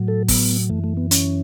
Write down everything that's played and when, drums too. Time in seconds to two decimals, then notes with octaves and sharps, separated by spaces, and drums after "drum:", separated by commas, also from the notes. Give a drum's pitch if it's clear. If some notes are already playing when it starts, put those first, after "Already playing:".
Already playing: A2 F#3
0.08 A4
0.28 B3, drum: kick, open hi-hat
0.70 F#2 E3 A3
0.84 A3
0.97 B3
1.11 C#4, drum: hi-hat